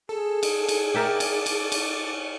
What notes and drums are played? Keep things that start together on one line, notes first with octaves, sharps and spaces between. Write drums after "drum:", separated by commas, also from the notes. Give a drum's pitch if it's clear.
G#4 A4
drum: cymbal
drum: cymbal
A#4 E5 G5 D6 A6
drum: cymbal
drum: cymbal
drum: cymbal